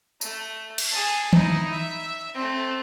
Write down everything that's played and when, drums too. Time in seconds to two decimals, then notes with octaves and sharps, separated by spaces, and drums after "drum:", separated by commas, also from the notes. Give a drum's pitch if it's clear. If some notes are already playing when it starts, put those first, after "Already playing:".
0.21 A3, drum: tambourine
0.78 drum: cymbal
0.91 G#4 A5
1.33 D#4 E4, drum: tom D#3
1.72 E5
2.35 A3 C4